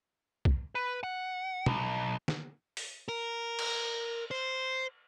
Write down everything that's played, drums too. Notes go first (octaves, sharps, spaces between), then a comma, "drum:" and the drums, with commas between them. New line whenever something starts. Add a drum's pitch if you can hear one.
drum: kick
B4
F#5
B1, drum: tom
drum: snare
drum: open hi-hat
A#4
drum: cymbal
C5